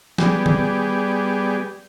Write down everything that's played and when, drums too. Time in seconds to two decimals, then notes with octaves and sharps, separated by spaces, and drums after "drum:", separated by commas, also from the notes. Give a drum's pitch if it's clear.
0.18 G3 B3 G4 G#4 D5, drum: snare
0.46 drum: tom D#3